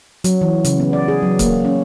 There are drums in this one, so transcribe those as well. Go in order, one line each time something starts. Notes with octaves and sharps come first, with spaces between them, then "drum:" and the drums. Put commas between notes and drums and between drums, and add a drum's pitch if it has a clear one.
F#3, drum: hi-hat
E3
C#3, drum: hi-hat
B3
D5
G#4
F#3
A#3, drum: kick C#1, hi-hat
C#4